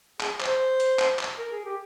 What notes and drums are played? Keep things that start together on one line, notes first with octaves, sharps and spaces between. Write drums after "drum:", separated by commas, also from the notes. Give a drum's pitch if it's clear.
G#4, drum: clap
C5, drum: clap
drum: hi-hat
drum: clap
drum: clap
A#4
G#4
G4